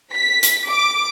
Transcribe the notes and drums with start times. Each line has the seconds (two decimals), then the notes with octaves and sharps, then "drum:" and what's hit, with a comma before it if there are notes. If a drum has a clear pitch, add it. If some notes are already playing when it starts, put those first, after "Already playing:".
0.14 B6
0.43 drum: hi-hat
0.70 D6